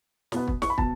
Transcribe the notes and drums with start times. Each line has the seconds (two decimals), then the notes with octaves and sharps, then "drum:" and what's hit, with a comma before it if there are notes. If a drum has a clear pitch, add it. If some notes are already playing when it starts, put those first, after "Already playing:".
0.32 B2 B3, drum: snare
0.48 drum: kick
0.62 C#6, drum: snare
0.70 B5
0.78 B2 A5, drum: kick